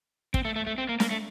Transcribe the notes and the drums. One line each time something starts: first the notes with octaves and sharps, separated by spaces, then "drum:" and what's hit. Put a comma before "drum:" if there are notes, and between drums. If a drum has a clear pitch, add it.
C4, drum: kick
A3
A3
A3
C4
A#3
A#3, drum: snare
A3